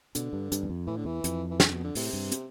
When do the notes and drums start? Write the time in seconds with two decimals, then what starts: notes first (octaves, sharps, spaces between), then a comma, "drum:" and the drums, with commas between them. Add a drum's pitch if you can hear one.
0.15 B2 D3, drum: hi-hat
0.33 G2
0.52 G2, drum: hi-hat
0.63 E2
0.70 F2
0.87 A2 E3
0.96 D3
1.05 E2 E3
1.24 F2, drum: hi-hat
1.50 E3
1.60 D3, drum: snare
1.72 B2
1.84 D3
1.95 A2 C3, drum: open hi-hat
2.13 G2
2.32 drum: hi-hat